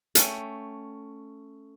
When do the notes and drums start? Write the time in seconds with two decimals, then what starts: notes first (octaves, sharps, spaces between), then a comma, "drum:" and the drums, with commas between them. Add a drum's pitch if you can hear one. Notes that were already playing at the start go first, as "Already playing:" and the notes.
0.15 A3 C#4 G5, drum: hi-hat